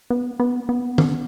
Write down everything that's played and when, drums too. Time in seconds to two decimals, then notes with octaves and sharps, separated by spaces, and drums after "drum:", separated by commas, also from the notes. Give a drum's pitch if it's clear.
0.10 B3
0.40 B3
0.69 B3
0.98 drum: tom